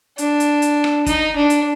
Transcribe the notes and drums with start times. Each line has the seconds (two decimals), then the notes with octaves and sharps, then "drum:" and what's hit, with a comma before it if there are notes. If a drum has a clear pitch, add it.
0.18 D4, drum: hi-hat
0.40 drum: hi-hat
0.62 drum: hi-hat
0.84 drum: rim click
1.06 D#4, drum: kick, hi-hat
1.36 D4
1.50 drum: hi-hat